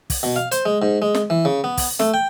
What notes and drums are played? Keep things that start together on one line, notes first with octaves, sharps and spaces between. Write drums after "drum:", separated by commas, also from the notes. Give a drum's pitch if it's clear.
drum: kick, open hi-hat
B2
F5
C5, drum: hi-hat
G#3
G#2
G#3
drum: snare
E3
C#3
B3
drum: kick, open hi-hat
A3, drum: snare
G5